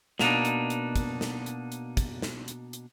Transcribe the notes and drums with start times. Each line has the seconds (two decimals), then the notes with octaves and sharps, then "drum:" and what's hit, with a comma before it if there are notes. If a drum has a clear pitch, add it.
0.19 B2 A#3 D4 D#4, drum: snare
0.45 drum: hi-hat
0.70 drum: hi-hat
0.96 drum: kick, hi-hat
1.21 drum: snare
1.46 drum: hi-hat
1.72 drum: hi-hat
1.97 drum: kick, hi-hat
2.22 drum: snare
2.48 drum: hi-hat
2.73 drum: hi-hat